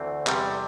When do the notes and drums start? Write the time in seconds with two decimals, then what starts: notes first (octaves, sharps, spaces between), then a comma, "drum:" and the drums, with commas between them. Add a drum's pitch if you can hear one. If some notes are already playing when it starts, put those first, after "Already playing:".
Already playing: D2 E3 A3 C4
0.27 E2 C3 G3, drum: clap